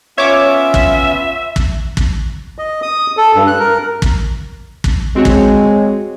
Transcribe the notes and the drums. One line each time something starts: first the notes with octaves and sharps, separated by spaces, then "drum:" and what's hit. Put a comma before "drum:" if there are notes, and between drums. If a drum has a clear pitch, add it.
B3 C#4 F4 C#5 E5 D6
drum: kick
drum: kick
drum: kick
D#5
D#6
A4
G2
F#6
A#4
drum: kick
drum: kick
G#3 C4 F#4 C#5
drum: kick